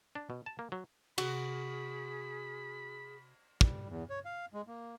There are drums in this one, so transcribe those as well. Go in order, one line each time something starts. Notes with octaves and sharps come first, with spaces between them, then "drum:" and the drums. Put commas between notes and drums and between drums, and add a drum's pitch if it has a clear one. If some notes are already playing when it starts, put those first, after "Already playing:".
D4
B2
A5
A#3
F#3
C3 F#4 G#4 B5, drum: cymbal
G3, drum: kick
E2
C#5
F5
G#3
A#3